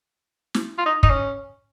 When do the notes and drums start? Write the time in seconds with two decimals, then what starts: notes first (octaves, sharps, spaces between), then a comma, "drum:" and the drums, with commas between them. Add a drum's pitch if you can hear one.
0.54 drum: snare
0.78 F4
0.86 D#4
1.03 D#4, drum: kick
1.10 C#4